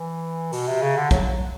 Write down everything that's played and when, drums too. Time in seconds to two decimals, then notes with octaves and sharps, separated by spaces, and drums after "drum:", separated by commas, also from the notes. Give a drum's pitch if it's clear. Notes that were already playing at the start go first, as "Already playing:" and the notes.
Already playing: E3
0.53 B2, drum: open hi-hat
0.67 C3
0.82 C#3
0.97 D3
1.11 F#3, drum: kick B1, hi-hat
1.30 F#3